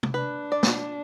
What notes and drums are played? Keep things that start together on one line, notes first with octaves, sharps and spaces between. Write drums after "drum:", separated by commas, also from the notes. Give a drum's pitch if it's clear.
drum: tom
D4 B4
D5
drum: snare